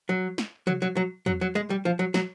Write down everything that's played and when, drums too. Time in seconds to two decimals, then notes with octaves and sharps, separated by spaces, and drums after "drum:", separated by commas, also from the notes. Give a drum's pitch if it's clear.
0.09 F#3
0.38 drum: snare
0.67 F#3, drum: tom C3
0.82 F#3
0.97 F#3
1.26 F#3, drum: tom E2
1.41 F#3
1.55 G#3
1.70 G3
1.85 F3
1.99 F#3
2.14 F#3, drum: snare